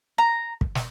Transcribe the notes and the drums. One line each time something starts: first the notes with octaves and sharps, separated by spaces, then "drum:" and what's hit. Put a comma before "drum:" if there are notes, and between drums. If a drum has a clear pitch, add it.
A#5
drum: kick
drum: snare